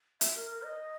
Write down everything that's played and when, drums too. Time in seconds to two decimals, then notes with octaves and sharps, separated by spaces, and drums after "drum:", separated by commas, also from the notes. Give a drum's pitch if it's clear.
0.21 E5, drum: hi-hat
0.36 A#4
0.51 A#4
0.64 D#5